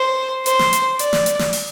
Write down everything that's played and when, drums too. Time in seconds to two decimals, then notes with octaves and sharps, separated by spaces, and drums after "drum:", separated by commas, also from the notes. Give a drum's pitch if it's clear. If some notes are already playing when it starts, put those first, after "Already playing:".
Already playing: C5
0.46 C5, drum: hi-hat
0.59 drum: snare
0.73 drum: hi-hat
0.99 D5, drum: hi-hat
1.13 drum: snare
1.26 drum: hi-hat
1.39 drum: snare
1.53 drum: open hi-hat